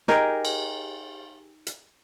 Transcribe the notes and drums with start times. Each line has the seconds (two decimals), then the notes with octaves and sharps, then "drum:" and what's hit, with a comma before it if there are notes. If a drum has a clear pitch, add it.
0.08 D#4 G4 G#4 A#4, drum: snare
0.45 drum: cymbal
1.67 drum: hi-hat